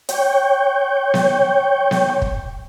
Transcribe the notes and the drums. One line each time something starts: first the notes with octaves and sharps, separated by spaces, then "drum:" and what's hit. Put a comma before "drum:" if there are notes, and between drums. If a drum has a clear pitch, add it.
C#5 G5, drum: hi-hat
drum: snare B3
drum: snare B3
drum: kick